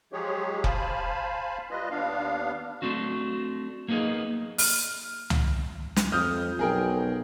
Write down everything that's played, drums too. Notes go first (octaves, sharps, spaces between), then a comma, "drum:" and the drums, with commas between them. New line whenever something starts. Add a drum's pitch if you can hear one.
F3 F#3 G#3 G4 G#4 C#5
C5 F5 G#5 A5 B5, drum: kick F1
G3 F4 B4 D#5
D#2 B3 D4 F5
A3 C4 D4 F#4
A#3 B3 D#4 G#4 A#4
F6, drum: open hi-hat
drum: tom
drum: snare
F2 D#6 F6 G6
B1 G#4 A#4 G5